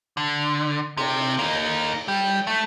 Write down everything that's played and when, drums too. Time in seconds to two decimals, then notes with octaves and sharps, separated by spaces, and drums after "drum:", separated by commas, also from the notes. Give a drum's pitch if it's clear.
0.17 D3
0.97 C3, drum: cymbal
1.39 A#3 D#4
2.08 G3
2.47 A3